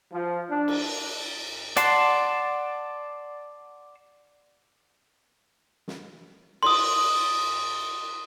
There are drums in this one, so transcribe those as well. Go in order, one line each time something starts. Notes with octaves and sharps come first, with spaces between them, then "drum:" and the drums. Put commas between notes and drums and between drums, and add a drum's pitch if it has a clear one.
F3
D4
drum: cymbal
D5 F#5 A5 C6, drum: hi-hat
drum: snare
C6 D#6, drum: cymbal